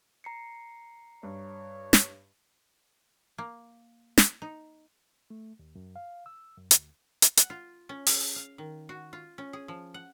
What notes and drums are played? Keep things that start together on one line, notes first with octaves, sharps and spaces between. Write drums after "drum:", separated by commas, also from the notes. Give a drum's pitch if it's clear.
A#5 C7 C#7
G2 C#5
drum: snare
A#3
drum: snare
D#4
A3
D#2
F#2
F5
E6
F#2
D2, drum: hi-hat
drum: hi-hat
F#5, drum: hi-hat
F4
C#4
G#4, drum: open hi-hat
F5
D#3
F#4
F4
C#4
G#4
F3
F#5